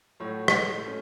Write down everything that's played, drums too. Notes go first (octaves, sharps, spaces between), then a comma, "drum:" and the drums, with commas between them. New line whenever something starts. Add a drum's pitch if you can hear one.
A2 F#3 A3 F#4 C#5
drum: rim click
A3 C#4